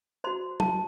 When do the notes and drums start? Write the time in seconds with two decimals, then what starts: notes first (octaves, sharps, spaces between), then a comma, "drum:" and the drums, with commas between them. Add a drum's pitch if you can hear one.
0.24 F#4 C5 C6
0.60 A5, drum: tom F#3